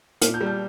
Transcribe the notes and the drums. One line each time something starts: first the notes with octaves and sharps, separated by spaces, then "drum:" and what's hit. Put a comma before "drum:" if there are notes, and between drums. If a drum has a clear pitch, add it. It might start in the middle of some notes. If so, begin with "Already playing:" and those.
A#2 F6, drum: hi-hat
G6
G3
G6